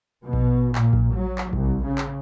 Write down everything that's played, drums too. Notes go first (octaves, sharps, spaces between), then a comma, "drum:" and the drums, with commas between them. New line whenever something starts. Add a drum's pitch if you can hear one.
B2
drum: kick A#1
A#2, drum: clap
drum: kick A#1
F#3
drum: clap
C2, drum: kick A#1
C#3
drum: clap